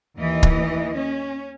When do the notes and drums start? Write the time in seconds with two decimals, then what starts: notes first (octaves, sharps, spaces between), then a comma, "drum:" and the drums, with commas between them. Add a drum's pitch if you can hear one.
0.17 D#2 E3 D#5
0.43 drum: kick
0.96 C#4